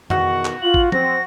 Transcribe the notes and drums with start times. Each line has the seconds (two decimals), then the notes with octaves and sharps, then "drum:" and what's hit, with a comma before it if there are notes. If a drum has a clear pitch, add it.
0.10 E2 B2 D#3 F#4 F#5, drum: tom F2
0.45 drum: clap
0.62 F4 F#7
0.74 drum: kick G#1
0.92 C4 A#6, drum: tom F3